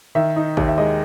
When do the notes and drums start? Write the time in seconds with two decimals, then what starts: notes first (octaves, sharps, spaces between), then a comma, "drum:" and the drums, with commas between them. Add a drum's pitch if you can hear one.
0.15 D#3 E5
0.36 D#4
0.57 D#2, drum: kick G#1
0.68 E5
0.78 G#3 D#5